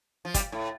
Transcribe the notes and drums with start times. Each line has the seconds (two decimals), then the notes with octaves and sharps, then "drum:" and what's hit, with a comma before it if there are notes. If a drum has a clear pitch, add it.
0.25 F3
0.34 G3, drum: kick, hi-hat
0.52 A2